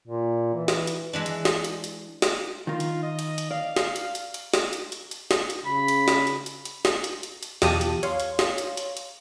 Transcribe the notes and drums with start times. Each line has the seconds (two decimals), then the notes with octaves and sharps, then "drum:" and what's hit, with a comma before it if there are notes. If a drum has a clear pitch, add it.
0.08 A#2
0.54 E3
0.68 drum: snare
0.87 drum: hi-hat
1.13 E3 G#3 D4
1.26 drum: hi-hat
1.45 drum: snare
1.65 drum: hi-hat
1.84 drum: hi-hat
2.22 drum: snare
2.67 D#3 D#4 F4
2.80 drum: hi-hat
3.03 D#5
3.19 drum: hi-hat
3.38 drum: hi-hat
3.51 D5 F5
3.76 drum: snare
3.96 drum: hi-hat
4.15 drum: hi-hat
4.34 drum: hi-hat
4.54 drum: snare
4.73 drum: hi-hat
4.92 drum: hi-hat
5.11 drum: hi-hat
5.31 drum: snare
5.50 drum: hi-hat
5.66 C#3 B5
5.88 drum: hi-hat
6.08 drum: snare
6.27 drum: hi-hat
6.46 drum: hi-hat
6.65 drum: hi-hat
6.85 drum: snare
7.04 drum: hi-hat
7.23 drum: hi-hat
7.43 drum: hi-hat
7.62 B1 E2 F4 G4 A5 D#6, drum: snare
7.81 drum: hi-hat
8.03 C#5 F5 C6, drum: hi-hat
8.20 drum: hi-hat
8.39 drum: snare
8.58 drum: hi-hat
8.77 drum: hi-hat
8.97 drum: hi-hat